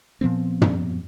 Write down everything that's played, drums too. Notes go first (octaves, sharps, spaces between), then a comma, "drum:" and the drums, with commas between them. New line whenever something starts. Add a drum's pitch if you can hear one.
A#2 F3 B3 C4
drum: tom